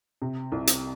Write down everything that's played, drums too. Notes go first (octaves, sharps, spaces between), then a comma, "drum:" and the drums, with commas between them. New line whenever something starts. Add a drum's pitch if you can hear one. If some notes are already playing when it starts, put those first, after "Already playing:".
C3
C2
drum: hi-hat